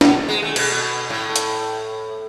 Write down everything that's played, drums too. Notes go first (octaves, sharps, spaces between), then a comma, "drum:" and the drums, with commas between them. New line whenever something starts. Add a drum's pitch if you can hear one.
B2, drum: snare
G#3
A3
B2, drum: cymbal
A2
drum: hi-hat